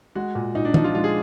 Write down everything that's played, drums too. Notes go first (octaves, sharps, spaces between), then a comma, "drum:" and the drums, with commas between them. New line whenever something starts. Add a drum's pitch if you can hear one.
G#3 F#4
A#2
A#2 D#4
D4
F3 D#4, drum: tom
F4
G#3 F4
G#4